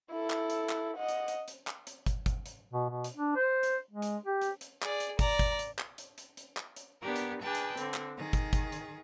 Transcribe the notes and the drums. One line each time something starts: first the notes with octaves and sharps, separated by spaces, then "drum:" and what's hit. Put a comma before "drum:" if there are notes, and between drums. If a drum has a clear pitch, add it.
E4 A4
drum: clap
drum: hi-hat
drum: clap
D#5 F#5
drum: hi-hat
drum: hi-hat
drum: hi-hat
drum: clap
drum: hi-hat
drum: kick, hi-hat
drum: kick, hi-hat
drum: hi-hat
B2
B2
drum: hi-hat
D4
C5
drum: hi-hat
G#3
drum: hi-hat
G4
drum: hi-hat
drum: hi-hat
G#4 D5, drum: clap
drum: hi-hat
D5 A#5, drum: kick, hi-hat
drum: kick, hi-hat
drum: hi-hat
drum: clap
drum: hi-hat
drum: hi-hat
drum: hi-hat
drum: clap
drum: hi-hat
B3 D4 G4 A#4
drum: hi-hat
D4 G#4 B4 G5 A5
drum: hi-hat
D3 C4, drum: hi-hat
drum: clap
D#3 G#4
drum: kick, hi-hat
drum: kick, hi-hat
drum: hi-hat